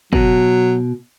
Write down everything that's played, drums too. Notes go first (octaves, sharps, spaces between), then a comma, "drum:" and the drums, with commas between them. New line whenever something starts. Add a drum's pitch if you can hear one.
B2 F#3, drum: kick